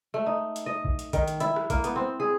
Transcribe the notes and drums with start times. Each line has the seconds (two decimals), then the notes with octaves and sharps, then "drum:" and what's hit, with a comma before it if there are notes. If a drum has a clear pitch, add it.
0.14 A3
0.26 D#4
0.56 drum: hi-hat
0.66 D#5
0.85 drum: kick A#1
0.99 drum: hi-hat
1.13 D#3, drum: kick A#1, hi-hat
1.28 drum: hi-hat
1.40 E4, drum: hi-hat
1.56 drum: rim click
1.70 A#3, drum: kick A#1, hi-hat
1.84 B3, drum: hi-hat
1.96 C4
2.20 G#4